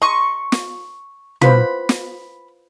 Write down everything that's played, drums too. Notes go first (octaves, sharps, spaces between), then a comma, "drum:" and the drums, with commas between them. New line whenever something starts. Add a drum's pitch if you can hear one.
D#5 A#5 C6 C#6 D#6
drum: snare
F4 B4 C5 B5, drum: tom
drum: snare